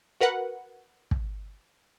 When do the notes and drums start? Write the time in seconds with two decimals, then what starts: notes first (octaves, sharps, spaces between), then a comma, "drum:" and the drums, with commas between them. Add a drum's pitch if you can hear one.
0.21 F#4 A#4 B4 F#5
1.11 drum: kick